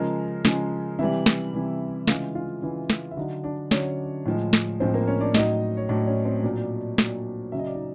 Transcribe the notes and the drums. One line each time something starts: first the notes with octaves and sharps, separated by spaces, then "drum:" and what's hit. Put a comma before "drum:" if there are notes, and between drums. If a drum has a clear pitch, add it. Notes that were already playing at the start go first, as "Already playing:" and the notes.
Already playing: C#3 F3 G#3 A#4 A#5
C#3 F3 G#3, drum: snare
C3 E3 G3 E4 E5
drum: snare
C3 E3 G3
C#3 E3 G#3 F4 F5, drum: snare
F4 F5
C#3 E3 G#3 E4 E5
drum: snare
E5
D3 F#3 D#4 D#5
D4 D5
D3 F#3 C#4 C#5, drum: snare
A2 F3 G#3
drum: snare
A2 F3 G#3 C4 C5
A#3 A#4
C#4 C#5
D4 D5
A2 F#3 D#4 D#5, drum: snare
C#5
A2 F#3 D4 D5
C#4 C#5
C4 C5
A#2 F#3 D4 D5
A#2 F#3, drum: snare
C#3 F#3 E5
D#5
D5
D#4 D#5